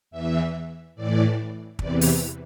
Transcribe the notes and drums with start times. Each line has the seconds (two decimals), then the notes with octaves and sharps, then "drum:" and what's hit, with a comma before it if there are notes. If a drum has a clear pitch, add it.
0.11 E2 E3 E5
0.96 A2 E3 D5
1.79 E2 C3 E3 D5, drum: kick
2.01 drum: open hi-hat